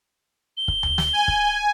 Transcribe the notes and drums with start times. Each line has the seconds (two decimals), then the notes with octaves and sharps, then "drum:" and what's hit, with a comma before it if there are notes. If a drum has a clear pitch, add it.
0.57 G7
0.68 drum: kick
0.83 drum: tom D2
0.98 drum: snare
1.13 G#5
1.28 drum: kick